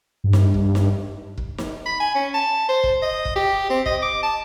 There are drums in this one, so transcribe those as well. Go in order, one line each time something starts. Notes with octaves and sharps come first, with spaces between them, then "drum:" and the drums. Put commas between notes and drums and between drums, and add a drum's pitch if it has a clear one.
G2
drum: snare
drum: kick
drum: snare
drum: kick
drum: snare
B5
G#5
C#4
A5
C5
drum: kick
D#5
drum: kick
G4
C4
D#5, drum: kick
D6
A5